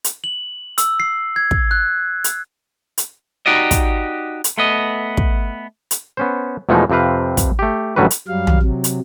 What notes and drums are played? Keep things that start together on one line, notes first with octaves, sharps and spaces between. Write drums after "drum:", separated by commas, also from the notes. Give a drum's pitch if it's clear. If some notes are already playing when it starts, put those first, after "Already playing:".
drum: hi-hat
F#7
E6, drum: hi-hat
C7
G#6
drum: kick
F#6
drum: hi-hat
drum: hi-hat
D#4 F#4 G4 D5 D#5
drum: kick, hi-hat
drum: hi-hat
A3 B3 D#5
drum: kick
drum: hi-hat
B3 C#4 C5
E2 B2 F3 G#3 A3 D#4
F2 C3 C4 B4 F5
drum: kick, hi-hat
A3 G4
A1 D3 F#3 G3 F#4 B4
drum: hi-hat
F#2 F#3 G3 F5
drum: tom
C3 F#3
drum: hi-hat